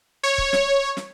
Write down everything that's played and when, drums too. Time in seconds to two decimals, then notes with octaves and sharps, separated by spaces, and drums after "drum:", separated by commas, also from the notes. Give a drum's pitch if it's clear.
0.23 C#5
0.38 drum: kick C#1
0.53 drum: snare
0.97 drum: snare